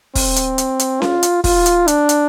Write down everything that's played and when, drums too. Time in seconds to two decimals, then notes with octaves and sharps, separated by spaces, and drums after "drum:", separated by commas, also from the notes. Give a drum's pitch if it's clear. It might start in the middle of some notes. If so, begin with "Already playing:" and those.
0.15 C4, drum: kick, open hi-hat
0.36 drum: hi-hat
0.58 drum: hi-hat
0.79 drum: hi-hat
1.02 F4, drum: snare C#4
1.23 drum: hi-hat
1.44 F4, drum: kick, open hi-hat
1.66 drum: hi-hat
1.88 D4, drum: hi-hat
2.09 drum: hi-hat